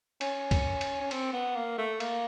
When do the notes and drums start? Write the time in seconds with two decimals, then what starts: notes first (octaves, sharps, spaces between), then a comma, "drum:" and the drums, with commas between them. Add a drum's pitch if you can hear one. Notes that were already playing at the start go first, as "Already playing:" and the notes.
0.21 C#4, drum: cymbal
0.51 drum: kick, cymbal
0.81 drum: cymbal
1.01 C#4
1.11 C4, drum: cymbal
1.33 B3
1.55 A#3
1.78 A3
2.00 A#3, drum: cymbal